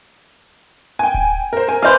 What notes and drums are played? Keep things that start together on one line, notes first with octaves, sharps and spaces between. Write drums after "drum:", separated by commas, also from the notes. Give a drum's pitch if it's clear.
G5 G#5
drum: kick D1
A#4 C5
A#4 G#5
B4 C5 D5 F5 G#5